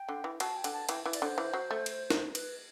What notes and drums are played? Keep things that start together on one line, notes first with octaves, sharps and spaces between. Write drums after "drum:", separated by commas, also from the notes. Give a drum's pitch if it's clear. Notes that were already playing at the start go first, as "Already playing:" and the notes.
Already playing: G5
D3
E3
F#3 A5, drum: cymbal
G5
D3, drum: cymbal
A5
E3 G5, drum: cymbal
E3
D5, drum: cymbal
D3 C5
E3
F#3
A3
drum: cymbal
drum: snare
B4, drum: cymbal